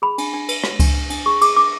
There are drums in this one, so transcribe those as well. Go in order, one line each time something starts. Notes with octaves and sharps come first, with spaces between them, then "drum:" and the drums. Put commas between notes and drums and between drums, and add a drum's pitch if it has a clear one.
G#4 B5
D4, drum: cymbal
D4
B4, drum: cymbal
B4, drum: rim click
D4, drum: kick C#2, cymbal
D4
D4, drum: cymbal
G#4 C#6
G#4 D6, drum: cymbal
D4 D6